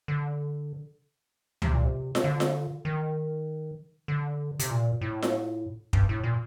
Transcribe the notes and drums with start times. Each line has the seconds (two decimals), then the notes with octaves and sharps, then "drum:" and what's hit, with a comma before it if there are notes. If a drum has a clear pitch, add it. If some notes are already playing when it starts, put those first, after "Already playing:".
0.08 D3
1.62 C3, drum: tom C#2
1.73 A#2
1.84 C3
2.15 drum: snare F4
2.24 D3
2.40 drum: snare F4
2.85 D#3
4.08 D3
4.59 C3, drum: hi-hat
4.70 A#2
5.01 A2
5.22 drum: snare F4
5.93 G2, drum: kick
6.09 A2
6.23 A#2